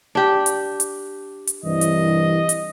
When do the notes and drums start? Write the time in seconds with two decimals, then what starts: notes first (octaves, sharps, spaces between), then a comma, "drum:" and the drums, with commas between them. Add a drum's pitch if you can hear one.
0.15 D4 G4
0.46 drum: hi-hat
0.80 drum: hi-hat
1.47 drum: hi-hat
1.64 C2 G2 E3 D#5
1.81 drum: hi-hat
2.49 drum: hi-hat